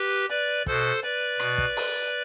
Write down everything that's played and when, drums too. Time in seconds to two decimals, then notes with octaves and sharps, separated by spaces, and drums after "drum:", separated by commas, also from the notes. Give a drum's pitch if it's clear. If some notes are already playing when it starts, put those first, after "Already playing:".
Already playing: G4 B4
0.29 B4 D5, drum: hi-hat
0.66 B2 A4 C5, drum: kick, hi-hat
1.03 B4 D5, drum: hi-hat
1.40 B2, drum: rim click
1.58 drum: kick
1.76 drum: open hi-hat